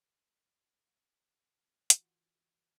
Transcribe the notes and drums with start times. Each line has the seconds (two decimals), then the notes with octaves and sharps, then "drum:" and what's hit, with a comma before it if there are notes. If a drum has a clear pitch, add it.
1.90 E3 F4 F#4, drum: hi-hat